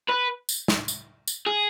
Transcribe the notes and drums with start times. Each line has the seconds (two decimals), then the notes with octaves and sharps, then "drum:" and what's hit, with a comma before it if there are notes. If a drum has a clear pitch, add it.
0.09 B4
0.49 drum: tambourine
0.68 drum: snare
0.88 drum: tambourine
1.28 drum: tambourine
1.47 G#4